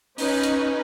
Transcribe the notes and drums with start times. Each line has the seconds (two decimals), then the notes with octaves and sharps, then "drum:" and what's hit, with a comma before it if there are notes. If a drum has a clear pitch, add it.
0.18 C#4 D#4 B4, drum: open hi-hat
0.43 drum: hi-hat